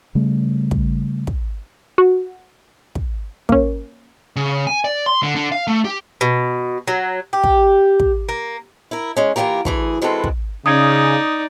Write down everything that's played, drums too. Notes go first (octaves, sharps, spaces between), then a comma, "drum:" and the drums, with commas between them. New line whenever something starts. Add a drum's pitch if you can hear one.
C#3 G3 A3
drum: kick
drum: kick
F#4
drum: kick
A#3 C#4, drum: kick
C#3
G#5
D5
C6
D3
D3
F5
A3
G4
B2
F#3
G4
drum: kick
drum: kick
A#3
E4 A#4
G#3 C#4
E3 A#3 C#4 F4 G4 A#4
D2 E3 G#4, drum: kick
E3 G#3 C4 F#4 A4 B4
drum: kick
C#3 D#4 D5 D#6 G#6